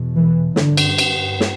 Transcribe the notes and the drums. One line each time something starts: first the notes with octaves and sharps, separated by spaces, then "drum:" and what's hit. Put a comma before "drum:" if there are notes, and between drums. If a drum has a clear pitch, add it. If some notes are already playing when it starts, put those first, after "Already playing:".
Already playing: E2 B2
E3
G2 D3, drum: snare
drum: cymbal
drum: cymbal
drum: snare